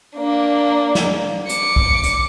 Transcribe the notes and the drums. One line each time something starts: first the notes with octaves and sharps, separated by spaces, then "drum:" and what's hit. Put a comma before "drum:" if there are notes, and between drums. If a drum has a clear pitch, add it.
A#3 D4
drum: snare
D6 C#7, drum: hi-hat
drum: kick
drum: hi-hat